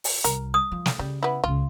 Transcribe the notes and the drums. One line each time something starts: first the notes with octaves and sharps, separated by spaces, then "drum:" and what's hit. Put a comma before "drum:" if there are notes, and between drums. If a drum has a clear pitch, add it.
drum: open hi-hat
C2 A#4, drum: hi-hat
D#6
F3
drum: snare
C#3 G3
B3 E4
C#2 C#3 F4